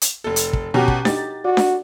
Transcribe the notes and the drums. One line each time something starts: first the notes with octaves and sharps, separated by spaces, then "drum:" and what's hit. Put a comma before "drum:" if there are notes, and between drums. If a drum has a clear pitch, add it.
drum: hi-hat
F1 A4
drum: hi-hat
drum: kick
B2 C#4 F#4 G4 A#5
drum: kick
D#4 G4 A6, drum: snare D4
F#4 D5
drum: snare D4